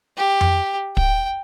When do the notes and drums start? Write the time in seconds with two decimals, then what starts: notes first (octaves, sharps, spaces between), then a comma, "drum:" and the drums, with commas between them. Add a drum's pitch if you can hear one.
0.18 G4
0.41 drum: tom F2
0.97 G5, drum: kick